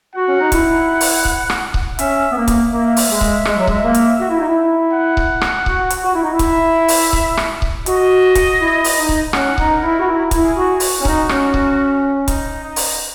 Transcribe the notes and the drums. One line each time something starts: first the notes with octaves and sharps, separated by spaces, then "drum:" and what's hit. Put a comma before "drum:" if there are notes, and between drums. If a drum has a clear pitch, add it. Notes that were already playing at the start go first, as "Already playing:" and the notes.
F#4 F#5
C#4
D#4
E4, drum: kick C#1, hi-hat
drum: open hi-hat
drum: kick C#1
drum: rim click
drum: kick C#1
C#4 E5, drum: hi-hat
B3
A#3
drum: kick C#1, hi-hat
A#3 E5
drum: open hi-hat
G#3
drum: kick C#1
G#3, drum: rim click
F#3
G#3, drum: kick C#1
A#3
drum: hi-hat
F#4
E4
D#4
E4
F#5
drum: kick C#1
drum: rim click
F#4, drum: kick C#1
drum: hi-hat
F#4
E4
D#4
E4
E5, drum: kick C#1, hi-hat
drum: open hi-hat
drum: kick C#1
drum: rim click
drum: kick C#1
F#4 D#5, drum: hi-hat
drum: kick C#1, hi-hat
E4
drum: open hi-hat
D#4
drum: kick C#1
C#4 F#5, drum: rim click
D#4, drum: kick C#1
A#4
E4
F#4
E4 A#4
E4, drum: kick C#1, hi-hat
G#4
F#4
F#4, drum: open hi-hat
C#4
D#4, drum: kick C#1
C#4, drum: rim click
drum: kick C#1
D#4, drum: kick C#1, hi-hat
D#4
drum: open hi-hat